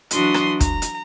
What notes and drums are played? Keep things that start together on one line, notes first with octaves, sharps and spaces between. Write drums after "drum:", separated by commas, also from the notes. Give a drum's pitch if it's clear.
E3 F#3 D4 F#4 C6 D#6, drum: hi-hat
drum: rim click
A#5, drum: kick, hi-hat
drum: hi-hat